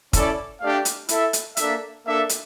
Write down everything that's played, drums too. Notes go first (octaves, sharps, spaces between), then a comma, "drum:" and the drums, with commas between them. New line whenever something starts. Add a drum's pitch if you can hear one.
C#4 E4 A4 D5, drum: kick, hi-hat
A3 D4 G4 D5 F5
drum: hi-hat
E4 A4 E5, drum: hi-hat
drum: hi-hat
A#3 D4 A4 E5, drum: hi-hat
A#3 D4 A4 E5
drum: hi-hat